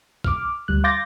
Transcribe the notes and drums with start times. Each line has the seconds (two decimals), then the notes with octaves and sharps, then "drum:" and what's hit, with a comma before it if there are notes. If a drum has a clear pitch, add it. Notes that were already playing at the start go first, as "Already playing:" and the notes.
0.24 D6 F6, drum: kick
0.68 D2 G3 F#6
0.84 F5 C6 D6 G6 A6 A#6